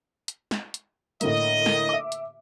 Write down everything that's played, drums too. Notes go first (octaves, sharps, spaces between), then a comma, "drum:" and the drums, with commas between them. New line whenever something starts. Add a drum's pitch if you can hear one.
drum: hi-hat
drum: snare
drum: hi-hat
A2 D3 A#3 D#5, drum: hi-hat
drum: snare
E5 D6
drum: hi-hat